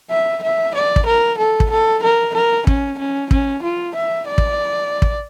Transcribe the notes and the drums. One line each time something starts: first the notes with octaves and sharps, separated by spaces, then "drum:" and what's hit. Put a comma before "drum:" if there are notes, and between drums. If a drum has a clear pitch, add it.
E5
E5
D5
drum: kick
A#4
A4
drum: kick
A4
A#4
A#4
C#4, drum: kick
C#4
C#4, drum: kick
F4
E5
D5
drum: kick
drum: kick